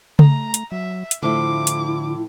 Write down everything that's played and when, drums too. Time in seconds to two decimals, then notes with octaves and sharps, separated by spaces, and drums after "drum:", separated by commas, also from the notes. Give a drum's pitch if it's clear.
0.19 A3 A#5, drum: tom C#3
0.54 drum: hi-hat
0.72 F#3 E5
1.11 drum: hi-hat
1.23 A2 D3 F3 A3 E4 D6
1.67 drum: hi-hat